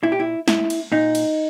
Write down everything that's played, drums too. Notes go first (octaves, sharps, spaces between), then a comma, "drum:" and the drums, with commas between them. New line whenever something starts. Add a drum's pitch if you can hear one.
A#2 E4
G4
E4
E4, drum: snare
drum: cymbal
A#2 D#4
drum: cymbal